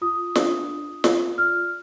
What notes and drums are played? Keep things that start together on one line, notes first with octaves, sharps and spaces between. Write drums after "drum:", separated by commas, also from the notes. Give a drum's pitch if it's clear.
F4 D#6
D4, drum: snare
F4
F4, drum: snare
D5 F6